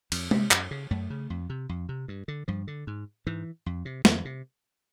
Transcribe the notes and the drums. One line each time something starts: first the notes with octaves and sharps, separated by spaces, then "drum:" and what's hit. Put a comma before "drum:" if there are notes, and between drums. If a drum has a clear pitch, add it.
F2, drum: cymbal
C3, drum: tom G#3
F#2, drum: clap
C#3
F#2 A3
C#3
F2
C3
F2
C3
G2
D3
G2 F3
D3
G#2
G#2 E3
F2
C3
F2 D#3, drum: snare
C3